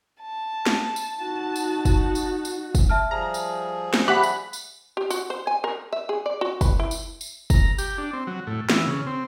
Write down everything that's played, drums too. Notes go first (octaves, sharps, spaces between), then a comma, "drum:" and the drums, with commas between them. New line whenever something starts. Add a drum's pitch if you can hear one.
A5
drum: snare
drum: tambourine
D#4 F#4
drum: tambourine
drum: kick, tambourine
drum: tambourine
drum: tambourine
drum: kick, tambourine
E5 A5 F6
F3 G3 G#4 A#5
drum: tambourine
drum: snare
G4 E5 F#5 B5 F#6
drum: tambourine
drum: tambourine
G4
F#4, drum: tambourine
C5
G#5
A#4
E5
G#4
D5
F#4
B4, drum: kick, tambourine
E4
drum: tambourine
drum: tambourine
A#5, drum: kick, tambourine
G4, drum: tambourine
D4
C4
F#3
A2
E3, drum: snare
C#3
C4